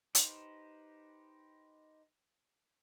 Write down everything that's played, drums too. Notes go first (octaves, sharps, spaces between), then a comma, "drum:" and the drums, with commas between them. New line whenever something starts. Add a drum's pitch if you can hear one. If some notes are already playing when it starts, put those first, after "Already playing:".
D#4 G4 B4 C5, drum: hi-hat